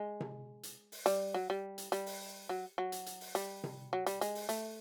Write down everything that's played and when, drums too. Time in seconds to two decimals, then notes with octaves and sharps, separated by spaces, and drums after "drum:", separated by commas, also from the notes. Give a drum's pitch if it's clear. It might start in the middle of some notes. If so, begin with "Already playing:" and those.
Already playing: G#3
0.20 drum: tom C3
0.63 drum: hi-hat
0.92 drum: open hi-hat
1.06 G3, drum: hi-hat
1.34 F#3
1.50 G3
1.78 drum: hi-hat
1.92 G3, drum: hi-hat
2.06 drum: open hi-hat
2.49 F#3
2.78 F#3
2.92 drum: hi-hat
3.06 drum: hi-hat
3.21 drum: open hi-hat
3.35 G3, drum: hi-hat
3.64 drum: tom C3
3.93 F#3
4.06 G3, drum: hi-hat
4.21 G#3, drum: hi-hat
4.35 drum: open hi-hat
4.49 A3, drum: hi-hat